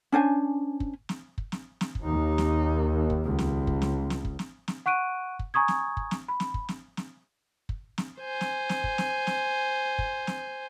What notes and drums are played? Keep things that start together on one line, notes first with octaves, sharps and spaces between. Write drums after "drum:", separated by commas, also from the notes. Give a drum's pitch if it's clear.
C#4 D4 C5 G#5
drum: kick
drum: snare
drum: kick
drum: snare
drum: snare
drum: kick
D#2 D#4
drum: snare
drum: kick
C#2
drum: snare
drum: kick
drum: snare
drum: snare
drum: kick
drum: snare
drum: snare
F#5 C#6 F#6 D7 D#7
drum: kick
G#5 A#5 C#6 D#6 G#6
drum: snare
drum: kick
drum: snare
B5
drum: snare
drum: kick
drum: snare
drum: snare
drum: kick
drum: snare
C5 G#5
drum: snare
drum: snare
drum: kick
drum: snare
drum: snare
drum: kick
drum: snare